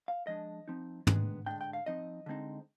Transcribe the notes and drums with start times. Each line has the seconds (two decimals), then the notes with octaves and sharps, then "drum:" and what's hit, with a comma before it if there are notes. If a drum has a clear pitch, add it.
0.08 F5
0.27 F3 G#3 D4 D#5
0.68 F3 C4 D#4
1.07 D#3 G#3 B3 D4, drum: tom
1.46 D3 G#3 D4 G5
1.61 G5
1.73 F5
1.86 F3 C4 D#4 D#5
2.26 D3 G#3 C4 D#4